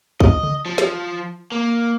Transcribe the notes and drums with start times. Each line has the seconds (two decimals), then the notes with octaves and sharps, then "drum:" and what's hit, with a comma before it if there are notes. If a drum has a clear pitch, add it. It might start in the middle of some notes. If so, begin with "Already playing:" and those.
0.20 D#5, drum: kick
0.43 drum: tom C#3
0.66 F3
0.78 drum: snare
1.52 A#3